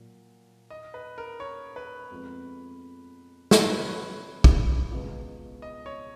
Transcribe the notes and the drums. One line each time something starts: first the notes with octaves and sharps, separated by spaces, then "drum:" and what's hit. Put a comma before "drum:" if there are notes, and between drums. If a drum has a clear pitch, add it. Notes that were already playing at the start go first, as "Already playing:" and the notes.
Already playing: A#2 F#3
D#5
B4
A#4
C#5
B4
F2 F3 G#3 B3 F4
B4, drum: snare
C#5
B4
C#5
drum: kick
C#2 B2 G#3 B3 F4
D#5
C#5